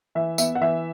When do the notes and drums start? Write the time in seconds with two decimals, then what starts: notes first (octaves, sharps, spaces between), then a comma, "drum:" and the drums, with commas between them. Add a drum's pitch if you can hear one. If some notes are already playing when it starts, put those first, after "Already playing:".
0.15 E3 E5
0.38 B3 E5, drum: tambourine
0.55 F#5
0.61 E3 E5